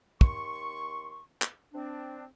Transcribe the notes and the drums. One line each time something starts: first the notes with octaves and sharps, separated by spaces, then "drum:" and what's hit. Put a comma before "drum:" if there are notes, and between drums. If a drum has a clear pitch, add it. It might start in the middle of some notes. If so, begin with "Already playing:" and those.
D#2 C6 C#6, drum: kick
drum: clap
C4 D4